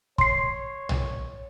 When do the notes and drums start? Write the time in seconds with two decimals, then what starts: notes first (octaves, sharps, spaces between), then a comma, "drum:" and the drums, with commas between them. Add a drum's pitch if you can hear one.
0.18 C#5 C6 C7, drum: kick
0.89 drum: tom B1